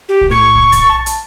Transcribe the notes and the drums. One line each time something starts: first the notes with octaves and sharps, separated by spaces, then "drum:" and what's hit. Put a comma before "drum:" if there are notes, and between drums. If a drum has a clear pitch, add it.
G4
drum: kick
A2 C#6 G#6 C#7
drum: kick
A6, drum: kick, hi-hat
A5
drum: hi-hat